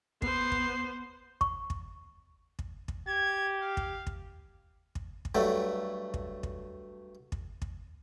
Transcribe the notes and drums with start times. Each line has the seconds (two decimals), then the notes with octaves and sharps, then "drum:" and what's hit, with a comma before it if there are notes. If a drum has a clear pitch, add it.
0.22 B3 C5 C7, drum: kick
0.52 drum: kick
1.41 C#6, drum: kick
1.70 drum: kick
2.59 drum: kick
2.88 drum: kick
3.07 G4 G#6
3.62 F5
3.77 drum: kick
4.07 drum: kick
4.95 drum: kick
5.25 drum: kick
5.35 G2 F#3 A3
6.14 drum: kick
6.43 drum: kick
7.32 drum: kick
7.62 drum: kick